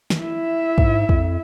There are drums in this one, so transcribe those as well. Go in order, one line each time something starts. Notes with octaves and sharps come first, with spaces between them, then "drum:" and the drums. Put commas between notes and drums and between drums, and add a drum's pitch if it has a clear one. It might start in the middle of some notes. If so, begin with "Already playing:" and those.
drum: snare
E4 E5
G#2, drum: kick
F2, drum: kick